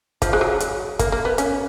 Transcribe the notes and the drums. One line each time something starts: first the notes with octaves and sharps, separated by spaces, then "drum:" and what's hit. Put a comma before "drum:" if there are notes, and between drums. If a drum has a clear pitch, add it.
F3, drum: kick, hi-hat
G#3
F#3
drum: hi-hat
A#3, drum: kick, hi-hat
A#3
B3
C#4, drum: hi-hat